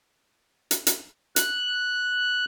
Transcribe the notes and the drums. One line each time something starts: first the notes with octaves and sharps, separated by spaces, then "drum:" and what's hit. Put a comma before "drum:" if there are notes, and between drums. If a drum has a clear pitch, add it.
drum: hi-hat
drum: hi-hat
F#6, drum: hi-hat